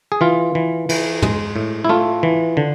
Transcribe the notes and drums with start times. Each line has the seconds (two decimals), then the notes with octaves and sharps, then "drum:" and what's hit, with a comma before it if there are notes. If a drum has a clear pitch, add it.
0.12 G#4
0.21 E3 F4
0.55 E3
0.89 E3, drum: cymbal
1.22 G#3, drum: tom
1.56 A2
1.85 E4
1.89 A3 F4
2.23 E3
2.57 D3